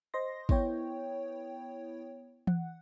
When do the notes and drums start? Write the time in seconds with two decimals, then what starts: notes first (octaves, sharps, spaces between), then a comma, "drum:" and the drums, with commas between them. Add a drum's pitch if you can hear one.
0.14 C5 D#5 C6 A#6
0.49 B3 E4 C#5 G5, drum: kick
2.47 F#5, drum: tom E3